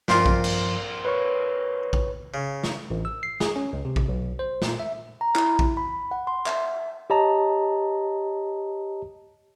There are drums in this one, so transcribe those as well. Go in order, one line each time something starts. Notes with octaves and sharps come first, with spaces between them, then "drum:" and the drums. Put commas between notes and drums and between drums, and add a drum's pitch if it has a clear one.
G2 A#2 F3 C4 F4, drum: snare
drum: kick A#1
drum: cymbal
B4 C#5 C#6
drum: kick A#1
C#3
drum: snare
A1
E6
C7
G#4, drum: snare
C#4
C#2
C3
drum: kick A#1
B1
C5
A#2, drum: snare
E5
A#5
E4, drum: clap
drum: kick A#1
B5
F#5
C6
E5, drum: clap
G4 C#5 D#5 A5 A#5